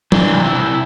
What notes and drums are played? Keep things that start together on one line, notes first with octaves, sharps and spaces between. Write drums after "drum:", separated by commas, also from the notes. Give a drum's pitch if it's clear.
E3 D4, drum: tom
C3
E4
C3